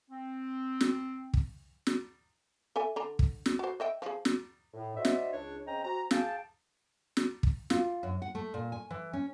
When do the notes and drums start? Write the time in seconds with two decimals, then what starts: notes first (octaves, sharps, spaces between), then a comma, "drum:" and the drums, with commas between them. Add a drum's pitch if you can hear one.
0.10 C4
0.81 drum: snare
1.34 drum: kick
1.87 drum: snare
2.76 A4 E5 G#5
2.96 D3 A#5
3.19 drum: kick
3.46 drum: snare
3.59 F#4 C5
3.80 D#5 E5 G5
4.02 F3 G#4
4.25 drum: snare
4.73 A2
4.95 D4 F#4 C5 D#5 E5
5.05 drum: snare
5.33 C#2 D4 C#5
5.67 C#3 C4 C#4 D#5 G5 A#5
5.84 C4 F#4 A#5
6.11 G#4 F5 G5 A5, drum: snare
7.17 drum: snare
7.43 drum: kick
7.70 F4, drum: snare
8.03 F#2
8.22 F#5
8.35 A3
8.54 A#2
8.72 G#5
8.90 E3
9.13 C#4